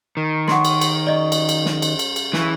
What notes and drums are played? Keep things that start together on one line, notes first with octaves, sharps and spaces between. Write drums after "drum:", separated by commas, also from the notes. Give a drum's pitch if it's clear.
D#3
C#5 F#5 C6, drum: snare
drum: cymbal
drum: cymbal
F#2 D5 D#5
drum: cymbal
drum: cymbal
drum: snare
drum: cymbal
drum: cymbal
drum: cymbal
C#3 E3 C#4 B5, drum: snare